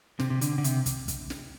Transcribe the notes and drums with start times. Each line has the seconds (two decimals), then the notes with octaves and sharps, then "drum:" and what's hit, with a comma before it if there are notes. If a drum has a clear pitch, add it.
0.19 C3, drum: snare
0.30 C3
0.41 D3, drum: hi-hat
0.58 D3
0.64 C3, drum: hi-hat
0.86 drum: kick, hi-hat
1.08 drum: kick, hi-hat
1.30 drum: snare